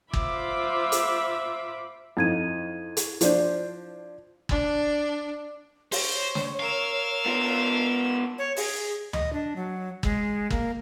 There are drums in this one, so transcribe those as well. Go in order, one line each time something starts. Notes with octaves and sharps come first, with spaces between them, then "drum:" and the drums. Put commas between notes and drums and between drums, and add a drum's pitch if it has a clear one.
F4 C5 E5 B5 D6, drum: kick G1
drum: hi-hat
F2 D#4 E4 G#6 D#7
drum: hi-hat
F3 D4 C5, drum: hi-hat
D4, drum: kick G1
C5 C#5, drum: open hi-hat
drum: snare
A#4 F5 E6
B3 F4
C#5
G#4, drum: open hi-hat
D#5, drum: tom D2
D4
F#3
G#3, drum: kick G1
A#3, drum: kick G1